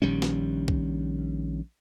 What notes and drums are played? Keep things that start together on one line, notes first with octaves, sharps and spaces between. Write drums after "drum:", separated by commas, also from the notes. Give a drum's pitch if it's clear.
A#1 D#3 G3 C#4
drum: snare
drum: kick